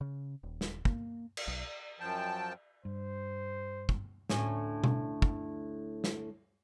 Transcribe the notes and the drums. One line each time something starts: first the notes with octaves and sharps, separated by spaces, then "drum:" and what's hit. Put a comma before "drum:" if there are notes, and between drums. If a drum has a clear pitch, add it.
C#3
D#1
drum: snare
A#3, drum: kick
drum: cymbal
B1
F#2 F3 G5 A5
G2 C5
drum: kick
D2 A2 C#4, drum: snare
drum: tom B2
drum: kick
drum: snare